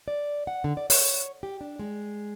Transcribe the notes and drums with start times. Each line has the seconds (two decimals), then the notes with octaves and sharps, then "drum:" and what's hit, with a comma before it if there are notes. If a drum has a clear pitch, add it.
0.08 D5
0.47 F#5
0.64 D3
0.77 D5
0.90 C#5, drum: open hi-hat
1.43 G4
1.61 D4
1.79 G#3